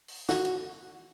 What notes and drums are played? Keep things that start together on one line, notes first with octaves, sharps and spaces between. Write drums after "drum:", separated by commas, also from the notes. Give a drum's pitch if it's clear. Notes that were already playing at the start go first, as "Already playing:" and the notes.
drum: open hi-hat
F#4, drum: snare
drum: hi-hat